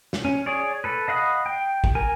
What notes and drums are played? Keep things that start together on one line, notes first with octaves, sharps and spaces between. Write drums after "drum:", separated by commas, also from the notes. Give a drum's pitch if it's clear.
drum: snare
C#4
G#4 C#5 D5
A4 B4
D#5 F5 F#5 B5 D#6
G5
drum: kick
A#4 G#5